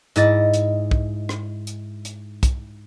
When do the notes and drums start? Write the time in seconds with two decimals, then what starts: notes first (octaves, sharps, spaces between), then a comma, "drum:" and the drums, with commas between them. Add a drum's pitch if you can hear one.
0.16 G#2 E4 D#5 A6, drum: hi-hat
0.54 drum: hi-hat
0.91 drum: kick
1.29 drum: rim click
1.67 drum: hi-hat
2.05 drum: hi-hat
2.43 drum: kick, hi-hat